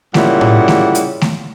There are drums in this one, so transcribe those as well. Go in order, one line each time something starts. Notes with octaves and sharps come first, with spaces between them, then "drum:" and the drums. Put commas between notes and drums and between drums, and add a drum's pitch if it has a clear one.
A#2 C#3 G3 E4 F#5, drum: snare A3
drum: tom A2
drum: snare A3
drum: hi-hat
drum: snare A3